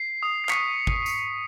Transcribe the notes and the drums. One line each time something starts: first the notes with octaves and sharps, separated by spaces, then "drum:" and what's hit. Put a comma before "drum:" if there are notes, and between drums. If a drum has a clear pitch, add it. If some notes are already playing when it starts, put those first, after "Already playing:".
Already playing: C7
D#6
C7
C#6 B6 C#7, drum: clap
drum: kick
drum: tambourine